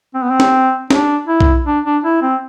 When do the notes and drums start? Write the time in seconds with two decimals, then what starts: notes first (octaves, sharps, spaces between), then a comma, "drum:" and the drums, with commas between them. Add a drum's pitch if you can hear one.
0.14 C4
0.23 B3
0.30 C4
0.40 drum: snare
0.90 D4, drum: snare
1.27 E4
1.41 drum: kick
1.66 D4
1.85 D4
2.04 E4
2.22 C4